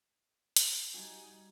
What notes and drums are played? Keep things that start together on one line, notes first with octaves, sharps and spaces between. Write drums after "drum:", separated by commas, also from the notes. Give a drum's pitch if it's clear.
drum: hi-hat
G3 D#4 F#4 G#5 G#6